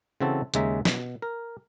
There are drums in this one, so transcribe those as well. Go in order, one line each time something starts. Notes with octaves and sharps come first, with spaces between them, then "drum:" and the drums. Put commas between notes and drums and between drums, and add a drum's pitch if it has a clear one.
C#3 E3 C4 F#4 A4
D#2 C#3 G#3 E5 A#5, drum: hi-hat
B2, drum: snare
A#4